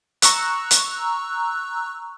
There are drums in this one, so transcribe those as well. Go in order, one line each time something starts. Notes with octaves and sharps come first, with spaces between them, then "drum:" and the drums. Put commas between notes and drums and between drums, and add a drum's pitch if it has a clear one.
A#5 C#6 E6 F#6, drum: hi-hat
drum: hi-hat